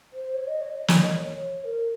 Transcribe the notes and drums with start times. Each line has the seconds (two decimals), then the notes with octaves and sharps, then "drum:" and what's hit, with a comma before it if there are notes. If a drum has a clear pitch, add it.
0.13 C5
0.35 C#5
0.47 D#5
0.61 C#5
0.75 D#5
0.88 C#5, drum: snare
1.02 D#5
1.16 C#5
1.64 A#4